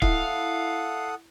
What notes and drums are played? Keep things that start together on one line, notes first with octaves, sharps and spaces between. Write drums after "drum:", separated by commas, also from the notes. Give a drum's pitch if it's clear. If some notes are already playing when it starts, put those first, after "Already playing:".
E4 A4 F5 F#5 D#6, drum: kick